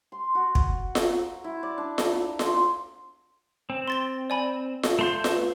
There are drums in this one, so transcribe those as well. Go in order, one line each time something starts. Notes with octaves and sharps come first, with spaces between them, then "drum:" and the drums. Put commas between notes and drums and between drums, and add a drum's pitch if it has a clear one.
C6
F#4
drum: kick
A#5, drum: snare F4
E4
D5
D4
drum: snare F4
A#5
C6, drum: snare F4
C4
C6 A6 G7
D5 G#5 B5
drum: snare F4
A3 C6 G6
B4, drum: snare F4